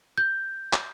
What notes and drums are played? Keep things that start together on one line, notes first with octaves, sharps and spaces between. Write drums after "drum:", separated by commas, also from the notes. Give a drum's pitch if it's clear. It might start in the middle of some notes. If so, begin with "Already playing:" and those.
G6
drum: clap